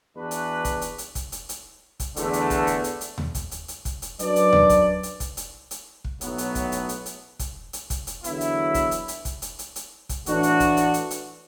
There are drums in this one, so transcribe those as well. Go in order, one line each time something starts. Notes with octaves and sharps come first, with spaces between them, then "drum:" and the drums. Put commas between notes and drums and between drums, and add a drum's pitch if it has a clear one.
E2 E3 D4 F#4 B4
drum: hi-hat
drum: kick, hi-hat
drum: hi-hat
drum: hi-hat
drum: kick, hi-hat
drum: hi-hat
drum: hi-hat
drum: kick, hi-hat
E2 D3 A3, drum: hi-hat
drum: hi-hat
drum: kick, hi-hat
drum: hi-hat
drum: hi-hat
drum: hi-hat
drum: tom D#2
drum: kick, hi-hat
drum: hi-hat
drum: hi-hat
drum: kick, hi-hat
drum: hi-hat
F#2 F#3 D4 B4 D5, drum: hi-hat
drum: hi-hat
drum: tom D#2
drum: kick, hi-hat
drum: hi-hat
drum: kick, hi-hat
drum: hi-hat
drum: hi-hat
drum: kick
B1 A2 F#3 B3, drum: hi-hat
drum: hi-hat
drum: kick, hi-hat
drum: hi-hat
drum: hi-hat
drum: hi-hat
drum: kick, hi-hat
drum: hi-hat
drum: kick, hi-hat
drum: hi-hat
E2 D3 F#3 B3 E4, drum: hi-hat
drum: hi-hat
drum: kick, hi-hat
drum: hi-hat
drum: hi-hat
drum: kick, hi-hat
drum: hi-hat
drum: hi-hat
drum: hi-hat
drum: kick, hi-hat
A2 E3 A3 D4 F#4, drum: hi-hat
drum: hi-hat
drum: kick, hi-hat
drum: hi-hat
drum: hi-hat
drum: hi-hat